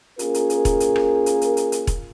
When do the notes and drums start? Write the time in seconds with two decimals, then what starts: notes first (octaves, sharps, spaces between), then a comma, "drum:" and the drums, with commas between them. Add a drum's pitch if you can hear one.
0.19 A#3 C#4 F4 G#4 A#4, drum: hi-hat
0.34 drum: hi-hat
0.50 drum: hi-hat
0.65 drum: kick E1, hi-hat
0.80 drum: hi-hat
0.96 drum: rim click
1.26 drum: hi-hat
1.41 drum: hi-hat
1.57 drum: hi-hat
1.72 drum: hi-hat
1.87 drum: kick E1, hi-hat